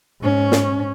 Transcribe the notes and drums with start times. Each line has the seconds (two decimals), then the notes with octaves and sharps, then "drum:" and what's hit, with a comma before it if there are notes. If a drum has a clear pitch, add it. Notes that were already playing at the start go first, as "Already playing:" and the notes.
0.21 G#2 C#4
0.52 drum: snare